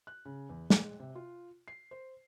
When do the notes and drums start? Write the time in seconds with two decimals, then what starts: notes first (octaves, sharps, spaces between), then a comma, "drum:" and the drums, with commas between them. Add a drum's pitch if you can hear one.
0.07 F#6
0.25 C#3
0.49 E2
0.70 G#5, drum: snare
0.83 G#3
1.00 C3
1.15 F4
1.68 C7
1.91 C5